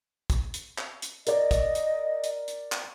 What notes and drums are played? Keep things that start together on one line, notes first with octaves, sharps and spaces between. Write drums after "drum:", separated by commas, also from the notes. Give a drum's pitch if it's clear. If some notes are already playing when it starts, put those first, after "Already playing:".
drum: kick, hi-hat
drum: hi-hat
drum: clap
drum: hi-hat
A#4 D5 D#5, drum: hi-hat
drum: kick, hi-hat
drum: hi-hat
drum: hi-hat
drum: hi-hat
drum: clap